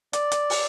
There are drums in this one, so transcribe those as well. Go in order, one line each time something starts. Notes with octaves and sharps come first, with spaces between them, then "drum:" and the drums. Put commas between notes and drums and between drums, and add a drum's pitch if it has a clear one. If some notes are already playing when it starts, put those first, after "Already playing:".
D5, drum: hi-hat
drum: hi-hat
drum: open hi-hat